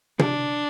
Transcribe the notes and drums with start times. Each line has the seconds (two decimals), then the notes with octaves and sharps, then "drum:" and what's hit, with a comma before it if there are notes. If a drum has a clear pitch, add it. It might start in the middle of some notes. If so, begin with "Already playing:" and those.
0.19 D4, drum: tom